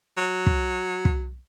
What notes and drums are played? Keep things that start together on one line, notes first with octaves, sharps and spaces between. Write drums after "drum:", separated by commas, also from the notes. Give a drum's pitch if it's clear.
F#3
drum: kick
drum: kick